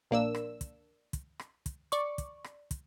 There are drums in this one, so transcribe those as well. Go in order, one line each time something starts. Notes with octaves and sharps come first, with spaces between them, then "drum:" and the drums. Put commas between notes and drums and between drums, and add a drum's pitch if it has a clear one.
A#1 A#3 D4 E6
drum: rim click
drum: kick, hi-hat
drum: kick, hi-hat
drum: rim click
drum: kick, hi-hat
D5 C#6, drum: hi-hat
drum: kick, hi-hat
drum: rim click
drum: kick, hi-hat